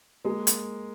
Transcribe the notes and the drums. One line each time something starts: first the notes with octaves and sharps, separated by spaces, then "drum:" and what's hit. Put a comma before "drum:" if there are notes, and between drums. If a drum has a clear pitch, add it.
G#3 A#3
drum: hi-hat